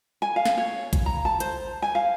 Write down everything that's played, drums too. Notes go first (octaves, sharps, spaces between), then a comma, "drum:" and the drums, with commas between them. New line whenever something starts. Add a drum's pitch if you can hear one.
G#5
F5
drum: snare
C#5
drum: kick, hi-hat
A#5
A5
C5, drum: hi-hat
G#5
F5